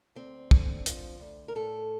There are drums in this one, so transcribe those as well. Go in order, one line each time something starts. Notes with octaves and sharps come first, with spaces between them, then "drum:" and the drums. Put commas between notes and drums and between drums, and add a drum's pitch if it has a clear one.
D2 C4
D3, drum: kick
F3, drum: hi-hat
D2
A#4
A2 A4